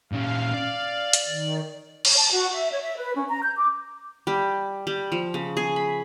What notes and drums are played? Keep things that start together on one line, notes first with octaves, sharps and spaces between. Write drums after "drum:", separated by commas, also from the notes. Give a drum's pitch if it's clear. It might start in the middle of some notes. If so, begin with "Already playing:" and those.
A#2 C#4 F5
D5
drum: hi-hat
D#3
C#5, drum: cymbal
A5
F#4
E5
C#5
E5
B4
C#4
A#5
G6
D6
G3
G3
F3
C#3
G#4
B5